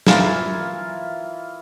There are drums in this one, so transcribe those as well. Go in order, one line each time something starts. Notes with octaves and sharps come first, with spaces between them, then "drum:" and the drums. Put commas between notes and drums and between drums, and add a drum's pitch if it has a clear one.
E3 F4 A#4 G#5, drum: snare